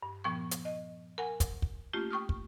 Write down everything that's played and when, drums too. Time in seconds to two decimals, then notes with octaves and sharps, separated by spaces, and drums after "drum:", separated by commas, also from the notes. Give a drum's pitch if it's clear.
0.03 G2
0.24 A#2 F3 B3 G5 C#6
0.51 drum: hi-hat
0.65 D#5
1.18 A#4 F#5 G#5
1.40 drum: kick, hi-hat
1.62 drum: kick
1.93 A3 A#3 C#4 F4 G4
2.10 G5 C#6 D#6 F6
2.29 drum: kick